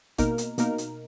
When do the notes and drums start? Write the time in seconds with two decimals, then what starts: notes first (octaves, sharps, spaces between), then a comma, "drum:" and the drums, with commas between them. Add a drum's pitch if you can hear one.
0.18 B2 A#3 D#4 A#4, drum: kick G#1, hi-hat
0.38 drum: hi-hat
0.58 B2 A#3 D#4 A#4, drum: hi-hat
0.78 drum: hi-hat